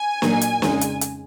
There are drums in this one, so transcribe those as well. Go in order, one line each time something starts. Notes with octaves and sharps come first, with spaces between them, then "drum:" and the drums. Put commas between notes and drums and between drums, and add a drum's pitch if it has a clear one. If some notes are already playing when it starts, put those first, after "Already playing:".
Already playing: G#5
A#2 F#3 A#3 D#4, drum: snare
drum: hi-hat
F2 C#3 G#3 D#4, drum: snare
drum: hi-hat
drum: hi-hat